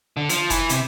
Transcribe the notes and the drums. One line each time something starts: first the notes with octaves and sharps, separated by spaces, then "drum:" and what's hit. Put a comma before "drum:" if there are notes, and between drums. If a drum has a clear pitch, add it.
D3
F3, drum: hi-hat
E3, drum: kick F1, hi-hat
C3, drum: hi-hat